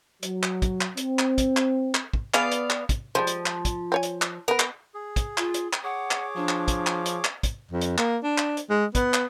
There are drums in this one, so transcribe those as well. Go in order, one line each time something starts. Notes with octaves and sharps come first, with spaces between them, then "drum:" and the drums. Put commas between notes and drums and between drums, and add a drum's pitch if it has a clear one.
F#3, drum: hi-hat
drum: clap
drum: kick, hi-hat
drum: clap
C4, drum: hi-hat
drum: clap
drum: kick, hi-hat
drum: clap
drum: clap
drum: kick
B3 G#4 D5 F5, drum: clap
drum: hi-hat
drum: clap
drum: kick, hi-hat
F3 G3 G#3 C5
drum: hi-hat
drum: clap
drum: kick, hi-hat
C4 C#5 G#5
drum: hi-hat
drum: clap
B3 A#4 B4
drum: clap
G#4
drum: kick, hi-hat
F4, drum: clap
drum: hi-hat
drum: clap
G#4 C#5 F#5 D6
drum: clap
F3 D4
drum: clap
drum: kick, hi-hat
drum: clap
drum: hi-hat
drum: clap
drum: kick, hi-hat
F2
drum: hi-hat
A#3, drum: clap
D4
drum: clap
drum: hi-hat
G#3
B3, drum: kick, hi-hat
drum: clap